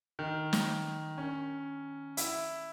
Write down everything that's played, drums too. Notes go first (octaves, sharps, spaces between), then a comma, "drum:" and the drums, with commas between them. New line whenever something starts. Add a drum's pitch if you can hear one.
D#3
drum: snare
C#4
E4, drum: hi-hat